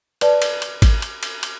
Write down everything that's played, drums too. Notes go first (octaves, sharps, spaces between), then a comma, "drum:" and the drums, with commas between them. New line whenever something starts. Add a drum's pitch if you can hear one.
B4 D5 A5, drum: cymbal
drum: cymbal
drum: cymbal
drum: kick G#1, cymbal
drum: cymbal
drum: cymbal
drum: cymbal